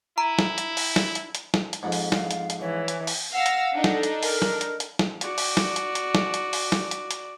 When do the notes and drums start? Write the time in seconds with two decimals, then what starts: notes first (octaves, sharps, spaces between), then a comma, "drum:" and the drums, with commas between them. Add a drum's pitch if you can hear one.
0.18 E4 A#5
0.39 drum: snare
0.58 drum: hi-hat
0.77 drum: open hi-hat
0.96 drum: snare
1.15 drum: hi-hat
1.35 drum: hi-hat
1.54 drum: snare
1.73 drum: hi-hat
1.83 F2 G#2
1.92 drum: open hi-hat
2.12 F5, drum: snare
2.31 drum: hi-hat
2.50 drum: hi-hat
2.61 E3 C#5
2.88 drum: hi-hat
3.07 drum: open hi-hat
3.33 F5 F#5 E6 A#6
3.46 drum: hi-hat
3.74 D4 D#4 A4
3.84 drum: snare
4.03 drum: hi-hat
4.23 A#4, drum: open hi-hat
4.42 drum: snare
4.61 drum: hi-hat
4.80 drum: hi-hat
4.99 drum: snare
5.21 F#4 D5, drum: hi-hat
5.38 drum: open hi-hat
5.57 drum: snare
5.76 drum: hi-hat
5.95 drum: hi-hat
6.15 drum: snare
6.34 drum: hi-hat
6.53 drum: open hi-hat
6.72 drum: snare
6.91 drum: hi-hat
7.11 drum: hi-hat